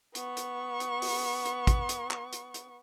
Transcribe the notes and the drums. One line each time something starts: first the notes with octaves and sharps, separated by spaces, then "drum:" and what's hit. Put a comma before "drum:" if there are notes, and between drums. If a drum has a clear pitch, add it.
B3 C#6, drum: hi-hat
drum: hi-hat
drum: hi-hat
drum: open hi-hat
drum: hi-hat
drum: kick, hi-hat
drum: hi-hat
drum: clap
drum: hi-hat
drum: hi-hat